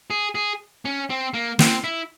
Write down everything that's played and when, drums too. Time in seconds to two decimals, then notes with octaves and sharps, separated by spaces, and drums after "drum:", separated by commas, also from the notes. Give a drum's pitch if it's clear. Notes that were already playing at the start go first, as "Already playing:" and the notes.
0.10 G#4
0.35 G#4
0.85 C#4
1.10 C4
1.34 A#3
1.59 C4, drum: snare
1.84 E4